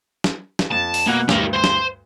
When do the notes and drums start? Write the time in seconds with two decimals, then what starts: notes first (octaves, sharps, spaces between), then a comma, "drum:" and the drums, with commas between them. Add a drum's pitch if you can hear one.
0.24 drum: snare
0.59 drum: snare
0.71 F2 A5
0.94 drum: open hi-hat
1.07 B2 A#3 F#5 F#6
1.29 D2 G2 G4 A#4, drum: snare
1.53 C5 C6
1.64 drum: snare